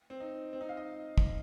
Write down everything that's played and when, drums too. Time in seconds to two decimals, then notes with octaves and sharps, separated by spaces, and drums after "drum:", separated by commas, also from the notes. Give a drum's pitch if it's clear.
0.10 C4
0.20 D#4
0.53 C4
0.61 D#4
0.69 F5
0.77 D#5
1.18 drum: kick